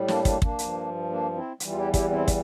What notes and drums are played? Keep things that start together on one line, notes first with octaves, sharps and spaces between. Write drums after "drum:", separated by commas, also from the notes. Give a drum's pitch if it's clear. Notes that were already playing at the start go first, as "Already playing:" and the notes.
Already playing: A2 G3
A#3 D4, drum: snare
A#3 D4, drum: kick, hi-hat
A#3 D4, drum: kick
G2 F3, drum: hi-hat
A#3 D4
C4 E4
E2 E3 G3, drum: hi-hat
F4
E4 G4
E4 G4, drum: kick, hi-hat
C4 E4
drum: kick, hi-hat